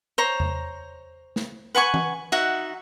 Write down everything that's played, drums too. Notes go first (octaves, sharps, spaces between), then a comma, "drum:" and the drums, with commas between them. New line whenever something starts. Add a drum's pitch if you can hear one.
C5 C#5 A#5
drum: tom E2
drum: snare
B4 F#5 G#5 C#6
drum: tom E3
D#4 F#4 E5 F#5